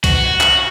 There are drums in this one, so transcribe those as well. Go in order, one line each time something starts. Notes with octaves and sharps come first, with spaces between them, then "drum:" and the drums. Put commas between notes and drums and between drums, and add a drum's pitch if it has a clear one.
F#4, drum: kick B1, cymbal
drum: clap